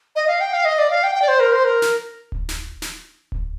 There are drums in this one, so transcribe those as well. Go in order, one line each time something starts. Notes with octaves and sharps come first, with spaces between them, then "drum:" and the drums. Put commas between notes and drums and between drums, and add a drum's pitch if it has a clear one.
D#5
F5
G5
F5
D#5
D5
F5
G5
G5
D5
C5
A#4
C5
A#4
drum: snare
drum: kick D1
drum: snare
drum: snare
drum: kick D1